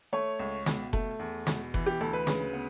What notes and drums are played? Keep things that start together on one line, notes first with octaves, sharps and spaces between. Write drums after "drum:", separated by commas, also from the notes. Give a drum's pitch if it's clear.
A3 C#5
C#2
B2, drum: snare
A3, drum: kick F#1
E2
B2, drum: snare
E3, drum: kick F#1
G4
D2 A4
B4
C#3, drum: snare
B3